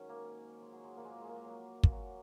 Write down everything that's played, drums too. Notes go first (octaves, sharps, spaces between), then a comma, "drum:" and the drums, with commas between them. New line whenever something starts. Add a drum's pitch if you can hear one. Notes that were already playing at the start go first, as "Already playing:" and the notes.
Already playing: G#2 D#3 F#3 C#4
A#3
G#3
F#3
G#3
A#2 F3 A#3
G#3
A#3
G#3
A#3
G#3
F#3
G#3, drum: kick
F#3